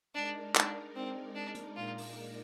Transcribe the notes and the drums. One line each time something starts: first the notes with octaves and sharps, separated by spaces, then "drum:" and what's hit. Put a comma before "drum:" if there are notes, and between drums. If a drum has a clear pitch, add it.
G#3 D4 D#4 A#4 D5
D4, drum: clap
C4
D4
drum: hi-hat
A#2 G#3 D#4 F4 A#4 D5
drum: open hi-hat